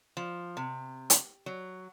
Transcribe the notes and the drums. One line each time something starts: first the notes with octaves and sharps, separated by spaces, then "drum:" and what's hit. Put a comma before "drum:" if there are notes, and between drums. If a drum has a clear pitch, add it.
F3
C3
drum: hi-hat
F#3